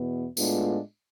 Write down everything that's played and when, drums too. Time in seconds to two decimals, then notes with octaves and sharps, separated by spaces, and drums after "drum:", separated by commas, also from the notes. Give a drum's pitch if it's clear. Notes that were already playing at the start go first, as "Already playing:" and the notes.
Already playing: E2 B2 B3
0.37 A2 G#3 B3 D4 F4, drum: tambourine